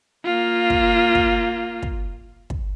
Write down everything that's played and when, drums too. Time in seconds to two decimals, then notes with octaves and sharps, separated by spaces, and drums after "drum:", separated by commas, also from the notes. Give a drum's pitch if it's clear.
0.25 A#3 F4
0.70 drum: kick
1.15 drum: kick
1.82 drum: kick
2.50 drum: kick